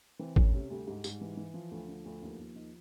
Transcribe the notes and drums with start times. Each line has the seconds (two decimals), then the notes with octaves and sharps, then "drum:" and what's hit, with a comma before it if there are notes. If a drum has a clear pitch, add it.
0.19 E3 C4
0.36 D2 C#4, drum: kick G#1
0.53 C3 C#4
0.70 D2 G3
0.87 G#2
1.04 G#2, drum: tambourine
1.21 E3
1.37 E3
1.54 F3
1.71 D2
1.88 D3
2.05 D2
2.22 D#2
2.38 D#2
2.56 D#3